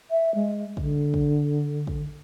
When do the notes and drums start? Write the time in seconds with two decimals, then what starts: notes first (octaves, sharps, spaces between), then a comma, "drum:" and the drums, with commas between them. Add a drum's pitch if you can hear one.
0.11 E5
0.35 G#3
0.77 D3, drum: kick
1.14 drum: kick
1.87 drum: kick